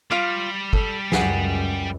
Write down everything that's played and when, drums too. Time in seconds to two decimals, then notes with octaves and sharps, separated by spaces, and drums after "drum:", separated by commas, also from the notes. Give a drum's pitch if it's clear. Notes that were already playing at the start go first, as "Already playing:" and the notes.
0.11 G3 F4 F5 D6
0.73 A4, drum: kick
1.12 C#2 F#2 G#4 F#5, drum: snare